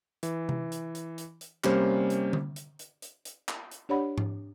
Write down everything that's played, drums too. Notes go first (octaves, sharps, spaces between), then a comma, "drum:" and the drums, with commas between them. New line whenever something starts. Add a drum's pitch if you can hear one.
E3, drum: hi-hat
drum: tom C3
drum: hi-hat
drum: hi-hat
drum: hi-hat
drum: hi-hat
C3 G3 A#3 C#4 C5, drum: clap
drum: hi-hat
drum: tom D3
drum: hi-hat
drum: hi-hat
drum: hi-hat
drum: hi-hat
drum: clap
drum: hi-hat
D4 G4 C#5 D5 F#5 B5
drum: tom G#2